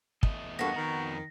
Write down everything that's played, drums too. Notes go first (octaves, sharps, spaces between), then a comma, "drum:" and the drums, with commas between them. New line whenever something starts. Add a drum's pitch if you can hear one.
E2 A3 D#5, drum: kick
G2 A#3 B3 F#4 A4 A#6
F2 D#3 A#5